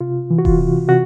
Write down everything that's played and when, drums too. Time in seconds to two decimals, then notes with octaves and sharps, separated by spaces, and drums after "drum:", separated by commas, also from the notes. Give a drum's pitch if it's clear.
0.01 C3 F4
0.30 E3
0.39 F#4
0.45 F4, drum: kick D#1
0.59 C3
0.88 C3 F#4